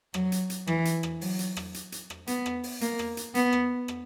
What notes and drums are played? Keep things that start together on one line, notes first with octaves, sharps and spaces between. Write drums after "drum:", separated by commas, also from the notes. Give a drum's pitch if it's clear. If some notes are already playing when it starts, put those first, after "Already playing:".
F#3, drum: rim click
drum: hi-hat
drum: hi-hat
E3, drum: rim click
drum: hi-hat
drum: rim click
F#3, drum: open hi-hat
drum: hi-hat
drum: rim click
drum: hi-hat
drum: hi-hat
drum: rim click
B3, drum: hi-hat
drum: rim click
drum: open hi-hat
A#3, drum: hi-hat
drum: rim click
drum: hi-hat
B3, drum: hi-hat
drum: rim click
drum: rim click